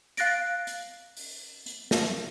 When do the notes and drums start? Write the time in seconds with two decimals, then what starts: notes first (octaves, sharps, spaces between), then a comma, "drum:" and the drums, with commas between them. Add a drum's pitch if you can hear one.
0.17 F5 F#6 A6 A#6 D7, drum: hi-hat
0.67 drum: hi-hat
1.17 drum: open hi-hat
1.66 drum: hi-hat
1.91 drum: snare